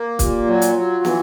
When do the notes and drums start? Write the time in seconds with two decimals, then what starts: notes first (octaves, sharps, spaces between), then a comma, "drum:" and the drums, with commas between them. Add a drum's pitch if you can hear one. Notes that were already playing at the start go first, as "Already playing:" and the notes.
Already playing: A#3
0.19 A#2 G4, drum: kick, hi-hat
0.47 F#3
0.62 F4, drum: hi-hat
0.75 F#3
1.05 E3, drum: snare